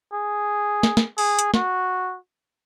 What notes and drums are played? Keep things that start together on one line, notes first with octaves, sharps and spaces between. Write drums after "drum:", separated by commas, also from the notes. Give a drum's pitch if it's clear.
G#4
drum: snare
drum: snare
G#4, drum: open hi-hat
drum: hi-hat
F#4, drum: snare